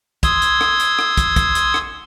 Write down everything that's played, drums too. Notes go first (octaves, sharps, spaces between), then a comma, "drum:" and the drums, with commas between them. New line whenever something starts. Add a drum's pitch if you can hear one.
C6 D#6 E6 G#6, drum: kick, hi-hat
drum: hi-hat
drum: rim click
drum: hi-hat
drum: rim click
drum: kick, hi-hat
drum: kick, hi-hat
drum: hi-hat
drum: rim click